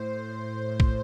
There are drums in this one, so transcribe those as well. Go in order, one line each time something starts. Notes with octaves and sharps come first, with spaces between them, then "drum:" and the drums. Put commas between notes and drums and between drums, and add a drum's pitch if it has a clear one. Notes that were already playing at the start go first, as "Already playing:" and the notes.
Already playing: A2 C5
drum: kick